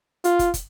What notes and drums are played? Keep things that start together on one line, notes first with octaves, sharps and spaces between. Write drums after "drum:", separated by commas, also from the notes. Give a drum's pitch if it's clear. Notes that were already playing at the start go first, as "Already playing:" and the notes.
F4, drum: hi-hat
drum: kick, hi-hat
drum: kick, hi-hat